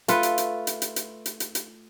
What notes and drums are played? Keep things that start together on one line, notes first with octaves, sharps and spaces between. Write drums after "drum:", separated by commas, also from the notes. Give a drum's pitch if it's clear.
A3 F4 B4, drum: hi-hat
drum: hi-hat
drum: hi-hat
drum: hi-hat
drum: hi-hat
drum: hi-hat
drum: hi-hat
drum: hi-hat
drum: hi-hat